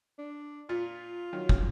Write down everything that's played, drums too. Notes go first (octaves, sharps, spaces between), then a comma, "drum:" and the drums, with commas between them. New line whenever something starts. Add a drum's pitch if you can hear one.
D4
A#2 F4
D#3 F#3
drum: kick